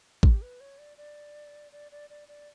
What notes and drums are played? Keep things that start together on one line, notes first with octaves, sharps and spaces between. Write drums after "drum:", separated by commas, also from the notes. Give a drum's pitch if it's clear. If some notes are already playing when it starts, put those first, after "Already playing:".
G4, drum: kick
B4
C#5
D5
D5
D5
D5
D5
D5